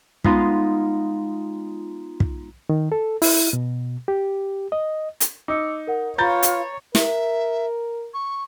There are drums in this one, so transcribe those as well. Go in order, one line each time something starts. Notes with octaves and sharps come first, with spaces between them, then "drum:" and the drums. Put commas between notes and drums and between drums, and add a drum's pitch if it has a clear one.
G#3 B3 D#4 F4 F5, drum: kick
drum: kick
D#3
A4
E4, drum: open hi-hat
B2
G4
D#5
drum: hi-hat
D#4 D6 E6 C#7
A#4 F#5
F4 B4 C#5 A#5 B5 G6 A6
drum: hi-hat
A#4 E5, drum: snare
C#6